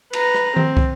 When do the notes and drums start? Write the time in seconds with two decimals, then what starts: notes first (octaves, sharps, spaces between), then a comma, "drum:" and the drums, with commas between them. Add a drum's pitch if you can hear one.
0.13 B4 A#5, drum: cymbal
0.34 drum: rim click
0.56 C4, drum: tom D#3
0.77 drum: kick